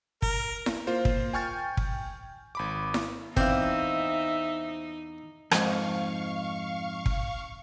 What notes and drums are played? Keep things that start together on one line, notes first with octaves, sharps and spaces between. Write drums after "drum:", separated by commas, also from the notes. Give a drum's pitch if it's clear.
A#4, drum: kick
drum: snare E4
A#3 F4 C5
drum: kick
G5 G#5 C#6 F6 G6 A6
drum: kick
G#1 B5 D6
drum: snare E4
E2 C4 D4 D#4 E5 F5, drum: kick
F2 G#2 F5 C#6, drum: rim click
drum: kick